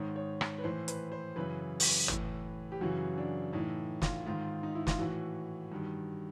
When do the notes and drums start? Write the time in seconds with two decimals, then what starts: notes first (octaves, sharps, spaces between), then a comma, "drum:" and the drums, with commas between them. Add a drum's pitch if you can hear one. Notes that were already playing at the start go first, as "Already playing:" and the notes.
Already playing: G#2 D#3 C#5
0.16 C#5
0.41 drum: rim click
0.58 B4
0.64 A2 E3 C5
0.88 B4, drum: hi-hat
1.12 C5
1.36 F#2 C#3 E3 B4
1.80 drum: open hi-hat
2.08 A2 E3, drum: tom
2.72 G4
2.81 F#2 C#3 E3 F#4
3.18 D4
3.53 A2 E3 D#4
4.02 F4, drum: snare
4.26 G#2 D#3 F4
4.63 D#4
4.75 E4
4.87 F4, drum: snare
4.99 A2 E3 F#4
5.72 G2 D#3